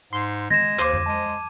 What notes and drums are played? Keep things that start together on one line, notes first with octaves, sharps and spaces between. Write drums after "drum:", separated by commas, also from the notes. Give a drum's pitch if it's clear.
G#2 C6
G#3 G#6 A#6 E7, drum: tom
D#2 C5 D6 D#7, drum: clap
drum: tom F2
G#3 A5 D#7